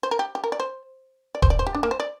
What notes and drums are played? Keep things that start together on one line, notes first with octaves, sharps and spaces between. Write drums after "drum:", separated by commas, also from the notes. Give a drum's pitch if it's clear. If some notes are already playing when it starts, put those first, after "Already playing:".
C5
A#4
G4
G4
A#4
D5
C5
D5
C5, drum: kick D#1
D5
C5
G4
D4
A#3
C5
D5